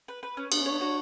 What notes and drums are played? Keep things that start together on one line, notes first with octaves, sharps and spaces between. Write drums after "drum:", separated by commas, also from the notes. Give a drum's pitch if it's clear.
B4
B4
C#4
B3 D4, drum: cymbal
C#4
D4 C#5
D4 F#4